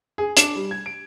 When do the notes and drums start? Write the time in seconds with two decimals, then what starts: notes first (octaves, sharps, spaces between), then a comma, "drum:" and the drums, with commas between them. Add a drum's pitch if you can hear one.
0.18 G#4
0.37 D4, drum: hi-hat
0.55 G3
0.71 G#6
0.86 D7